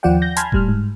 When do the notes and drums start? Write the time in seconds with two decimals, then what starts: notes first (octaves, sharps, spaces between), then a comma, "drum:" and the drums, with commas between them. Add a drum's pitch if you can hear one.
0.03 D#2 F3 F4 D5 F#5 G5
0.22 G6 A#6
0.36 G#5 A5 B5 C6 F6 G#6, drum: hi-hat
0.52 A2 G3 F6, drum: kick E1
0.69 G#2